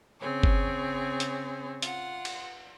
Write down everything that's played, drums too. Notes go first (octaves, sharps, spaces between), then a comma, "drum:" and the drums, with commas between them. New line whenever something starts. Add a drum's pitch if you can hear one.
C#3 C4 G#4 C#5
drum: kick G1
drum: hi-hat
F4 F#5, drum: hi-hat
drum: cymbal